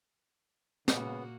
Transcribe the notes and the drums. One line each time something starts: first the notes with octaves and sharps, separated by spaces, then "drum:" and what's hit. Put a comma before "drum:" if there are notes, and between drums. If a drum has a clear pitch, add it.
A#2 C#3 A#3 B3 F#4, drum: snare